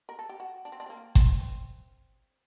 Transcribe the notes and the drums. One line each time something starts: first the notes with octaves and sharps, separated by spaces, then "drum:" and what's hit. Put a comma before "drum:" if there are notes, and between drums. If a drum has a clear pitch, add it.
A#4
A4
G4
F#4
D4
C4
D4
C4
A#3
C4, drum: kick G1